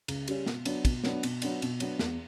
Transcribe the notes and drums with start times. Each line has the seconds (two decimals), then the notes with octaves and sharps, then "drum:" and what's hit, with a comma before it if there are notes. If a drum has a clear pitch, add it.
0.08 C#2, drum: cymbal
0.28 C#3 G3 C#4, drum: cymbal
0.46 B2, drum: snare
0.65 F#3 B3 D4, drum: cymbal
0.85 B2, drum: kick, cymbal
1.04 F#3 B3 D4, drum: snare
1.23 B2, drum: cymbal
1.42 F#3 B3 D4, drum: cymbal
1.62 B2, drum: cymbal
1.80 F#3 B3 D4, drum: cymbal
1.99 E2, drum: snare